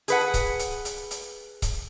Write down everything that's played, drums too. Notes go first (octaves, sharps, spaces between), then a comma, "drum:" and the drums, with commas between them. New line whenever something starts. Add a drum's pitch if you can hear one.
G#4 B4 F#5, drum: hi-hat
drum: kick C#1, hi-hat
drum: hi-hat
drum: hi-hat
drum: hi-hat
drum: kick C#1, hi-hat